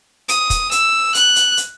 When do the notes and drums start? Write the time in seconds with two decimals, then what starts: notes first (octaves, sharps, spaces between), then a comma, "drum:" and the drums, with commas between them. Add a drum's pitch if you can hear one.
0.29 D#6, drum: hi-hat
0.50 drum: kick, hi-hat
0.71 E6, drum: hi-hat
1.14 F#6, drum: hi-hat
1.36 drum: hi-hat
1.57 drum: hi-hat